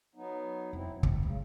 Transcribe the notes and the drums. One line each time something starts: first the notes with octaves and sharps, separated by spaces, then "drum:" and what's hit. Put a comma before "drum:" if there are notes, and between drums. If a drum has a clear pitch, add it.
F#3 B3 D#4
F2 C4 E4
G2 G3 A3, drum: kick
C#2 C#3